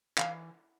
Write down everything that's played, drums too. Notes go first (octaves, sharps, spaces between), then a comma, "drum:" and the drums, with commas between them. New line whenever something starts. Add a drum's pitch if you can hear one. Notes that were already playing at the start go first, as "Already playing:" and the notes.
E3 F5, drum: clap